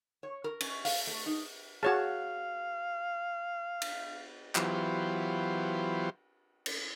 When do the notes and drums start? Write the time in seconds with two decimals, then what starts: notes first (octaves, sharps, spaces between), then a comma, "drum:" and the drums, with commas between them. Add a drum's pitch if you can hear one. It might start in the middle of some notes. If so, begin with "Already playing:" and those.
0.23 C#5
0.44 A#4
0.61 C#4, drum: cymbal
0.85 F5, drum: open hi-hat
1.07 A3
1.26 D#4
1.83 F#4 G#4 C#5 F5 A5
3.82 drum: cymbal
4.55 E3 F#3 B3 F4 G4 C5, drum: clap
6.66 drum: cymbal